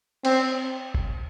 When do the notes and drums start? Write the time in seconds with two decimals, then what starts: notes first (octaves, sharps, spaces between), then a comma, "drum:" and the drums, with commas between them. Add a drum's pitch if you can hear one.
0.25 C4, drum: cymbal
0.95 drum: kick G1